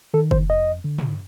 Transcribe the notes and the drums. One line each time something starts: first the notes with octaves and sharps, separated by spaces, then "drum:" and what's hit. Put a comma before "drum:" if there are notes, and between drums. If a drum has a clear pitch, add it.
D#3 A4
C5, drum: kick
F2 D#5
D3
drum: tom